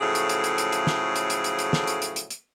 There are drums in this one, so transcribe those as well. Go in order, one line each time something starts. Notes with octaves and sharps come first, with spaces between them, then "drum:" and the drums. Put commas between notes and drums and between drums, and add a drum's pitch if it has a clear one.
A2 C#3 F3 F#3 A3 G#4
drum: hi-hat
drum: hi-hat
drum: hi-hat
drum: hi-hat
drum: hi-hat
drum: snare
drum: hi-hat
drum: hi-hat
drum: hi-hat
drum: hi-hat
drum: snare
drum: hi-hat
drum: hi-hat
drum: hi-hat
drum: hi-hat